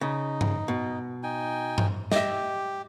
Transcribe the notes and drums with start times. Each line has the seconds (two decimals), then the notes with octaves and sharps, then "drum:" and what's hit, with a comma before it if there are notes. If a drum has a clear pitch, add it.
0.01 C#3 D#4
0.41 drum: tom G2
0.68 B2
1.23 D#4 G5 G#5
1.78 drum: tom G2
2.12 G4 D#5 E5, drum: snare